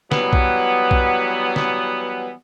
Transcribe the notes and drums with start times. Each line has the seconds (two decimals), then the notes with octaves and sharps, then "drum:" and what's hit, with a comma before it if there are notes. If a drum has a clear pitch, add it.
0.12 E3 F#3 G3 B3, drum: snare
0.33 drum: kick B1
0.91 drum: kick B1
1.56 drum: snare